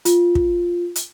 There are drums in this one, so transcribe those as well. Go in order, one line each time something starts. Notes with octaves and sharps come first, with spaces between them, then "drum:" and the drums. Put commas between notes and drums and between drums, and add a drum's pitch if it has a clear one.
F4, drum: hi-hat
drum: kick
drum: hi-hat